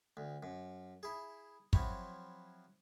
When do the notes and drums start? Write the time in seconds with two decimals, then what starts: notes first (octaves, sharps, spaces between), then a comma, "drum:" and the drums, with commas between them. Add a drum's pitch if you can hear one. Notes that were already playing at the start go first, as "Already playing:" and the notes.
0.17 D2
0.43 F#2
1.03 E4 G#4
1.73 F3 F#3 C4 E4 C#5, drum: kick